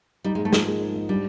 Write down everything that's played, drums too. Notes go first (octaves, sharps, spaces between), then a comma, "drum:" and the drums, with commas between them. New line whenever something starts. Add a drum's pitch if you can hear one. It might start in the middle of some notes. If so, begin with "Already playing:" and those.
G3 D#4
G#3
G#2
A3
F3 G#3, drum: snare
A#3
D#4
G#2
G3 D4